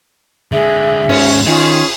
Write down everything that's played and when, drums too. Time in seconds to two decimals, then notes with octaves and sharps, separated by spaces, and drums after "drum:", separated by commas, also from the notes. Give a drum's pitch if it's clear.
0.52 D3 G#3 G#4 E5
1.09 D#2 G#2 C#4, drum: cymbal
1.47 D#3 C#4 F4 G#4